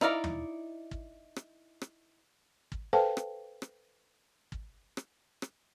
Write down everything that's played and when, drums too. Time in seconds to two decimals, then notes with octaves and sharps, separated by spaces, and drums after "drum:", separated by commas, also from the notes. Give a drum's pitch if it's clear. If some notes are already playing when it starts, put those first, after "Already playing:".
0.01 D#4 E4 D5 F5 A#5, drum: rim click
0.24 drum: tom
0.91 drum: kick
1.36 drum: rim click
1.82 drum: rim click
2.72 drum: kick
2.93 A4 B4 C5 F5 G5 A5
3.17 drum: rim click
3.62 drum: rim click
4.52 drum: kick
4.97 drum: rim click
5.42 drum: rim click